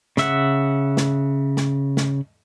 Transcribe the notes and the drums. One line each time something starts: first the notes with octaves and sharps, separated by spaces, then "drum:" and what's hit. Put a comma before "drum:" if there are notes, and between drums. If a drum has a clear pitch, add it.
C#3 E5 F#5, drum: snare
drum: snare
drum: snare
drum: snare